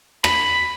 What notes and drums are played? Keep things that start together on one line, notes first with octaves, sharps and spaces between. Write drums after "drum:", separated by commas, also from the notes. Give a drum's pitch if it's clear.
B5, drum: rim click